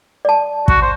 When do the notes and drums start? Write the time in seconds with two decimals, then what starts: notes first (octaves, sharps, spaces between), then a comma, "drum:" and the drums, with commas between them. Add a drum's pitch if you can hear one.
0.25 D5 A5
0.68 F#4, drum: kick
0.82 C5